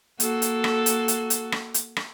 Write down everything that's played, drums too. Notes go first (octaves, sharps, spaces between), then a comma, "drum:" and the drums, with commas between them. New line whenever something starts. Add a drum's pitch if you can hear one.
A#3 F#4 A4, drum: hi-hat
drum: hi-hat
drum: rim click
drum: hi-hat
drum: hi-hat
drum: hi-hat
drum: rim click
drum: hi-hat
drum: rim click